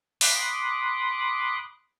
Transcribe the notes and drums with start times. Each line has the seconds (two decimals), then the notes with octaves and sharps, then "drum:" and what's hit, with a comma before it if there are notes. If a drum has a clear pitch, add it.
0.21 B5 C6 D6 D#6 F#6, drum: open hi-hat